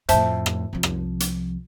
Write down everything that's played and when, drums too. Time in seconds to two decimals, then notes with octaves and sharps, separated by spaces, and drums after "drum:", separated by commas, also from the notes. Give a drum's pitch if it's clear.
0.09 F2 A2 C5 E5 A5, drum: hi-hat
0.46 drum: rim click
0.73 C2 F3
0.83 drum: rim click
1.20 drum: hi-hat